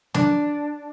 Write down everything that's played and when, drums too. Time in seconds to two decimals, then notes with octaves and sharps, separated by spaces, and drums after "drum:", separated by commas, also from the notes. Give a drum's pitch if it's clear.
0.14 D4, drum: snare